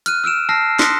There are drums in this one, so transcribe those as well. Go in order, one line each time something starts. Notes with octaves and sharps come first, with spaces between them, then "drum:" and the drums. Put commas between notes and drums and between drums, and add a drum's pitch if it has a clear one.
F6 F#6 D#7, drum: hi-hat
E6 F6 D7 E7
A5 E6 F6 A#6 C7
C6 D#6 F#6 A#6 B6 C#7, drum: snare